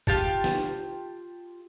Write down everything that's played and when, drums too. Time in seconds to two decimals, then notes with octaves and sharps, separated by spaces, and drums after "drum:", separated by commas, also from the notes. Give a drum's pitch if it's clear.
0.07 F4 G4 A5, drum: kick
0.44 drum: snare